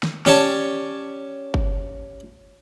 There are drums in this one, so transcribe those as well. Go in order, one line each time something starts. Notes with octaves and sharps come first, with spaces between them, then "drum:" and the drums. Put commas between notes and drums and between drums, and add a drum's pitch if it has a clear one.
drum: snare
C#4 G4 C#5 D5 A5, drum: snare
drum: kick G1